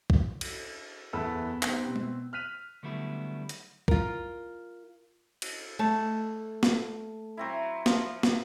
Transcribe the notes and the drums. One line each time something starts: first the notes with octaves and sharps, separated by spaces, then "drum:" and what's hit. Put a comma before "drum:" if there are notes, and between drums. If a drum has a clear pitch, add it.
drum: kick
drum: cymbal
F#1 E2 B3 A4 B5 E6
B3 C4 D#4 G4 C5, drum: clap
B2 C4
drum: tom
F6 F#6 B6 D#7 F7
D3 F#3 G3 A3 B3 E4
drum: hi-hat
F4 A#4, drum: kick
drum: cymbal
A3 A5
drum: snare
F#3 C4 E4
F3, drum: snare
drum: snare